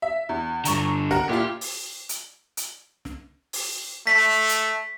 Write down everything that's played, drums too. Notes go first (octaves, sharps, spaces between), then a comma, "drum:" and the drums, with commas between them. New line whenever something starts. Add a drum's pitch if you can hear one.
E5
E2
G2 D3 A#5 C#6, drum: hi-hat
A#4 F#5, drum: snare
A#2 E4 F4 G4
drum: open hi-hat
drum: hi-hat
drum: hi-hat
drum: snare
drum: open hi-hat
A3 B6
drum: hi-hat